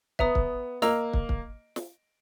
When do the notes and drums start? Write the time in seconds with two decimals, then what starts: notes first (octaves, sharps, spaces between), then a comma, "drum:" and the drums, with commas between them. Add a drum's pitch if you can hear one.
0.19 B3 E5 A#5 D#6, drum: kick
0.35 drum: kick
0.82 A#3 D#5 A#5 E6, drum: snare
1.13 drum: kick
1.29 drum: kick
1.76 drum: snare